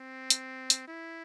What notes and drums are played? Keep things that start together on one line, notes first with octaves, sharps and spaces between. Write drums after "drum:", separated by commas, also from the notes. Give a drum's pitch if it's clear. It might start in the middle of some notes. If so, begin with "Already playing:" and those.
Already playing: C4
drum: hi-hat
drum: hi-hat
E4